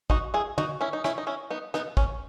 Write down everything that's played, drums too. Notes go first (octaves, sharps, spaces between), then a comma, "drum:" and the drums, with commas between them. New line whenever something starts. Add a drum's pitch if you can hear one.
D#4 F#4, drum: kick
E4 G#4
D#4 F#4, drum: tom
C#4 E4
D#4
C#4 E4, drum: rim click
D#4
C#4 E4
B3 D#4
B3 D#4, drum: rim click
C#4, drum: kick